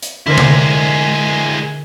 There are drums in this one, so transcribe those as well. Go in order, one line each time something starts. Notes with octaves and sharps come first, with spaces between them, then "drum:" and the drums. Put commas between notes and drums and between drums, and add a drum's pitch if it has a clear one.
drum: hi-hat
D3 G#3 E4 A#4 C5
drum: tom C3